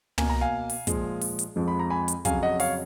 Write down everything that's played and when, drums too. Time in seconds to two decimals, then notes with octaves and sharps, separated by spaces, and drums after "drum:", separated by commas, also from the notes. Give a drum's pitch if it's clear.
0.18 B2 A#3 G#5, drum: tom
0.30 A#5
0.41 F5 G#5
0.70 drum: open hi-hat
0.87 A#2 F3 G#3, drum: kick, hi-hat
1.21 drum: open hi-hat
1.39 drum: hi-hat
1.56 F2 F3 G#3
1.68 B5
1.80 A#5
1.90 G#5 B5
2.08 drum: hi-hat
2.25 F2 C#3 F#3 F5 G#5, drum: kick, hi-hat
2.43 D#5 F#5
2.60 C#5 F5, drum: open hi-hat